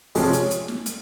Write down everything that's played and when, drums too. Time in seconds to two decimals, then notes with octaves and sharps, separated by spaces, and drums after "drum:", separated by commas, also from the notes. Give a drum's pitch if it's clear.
0.15 C3 F3 G#3 C#4, drum: open hi-hat
0.33 drum: hi-hat
0.51 drum: hi-hat
0.68 drum: snare
0.86 drum: hi-hat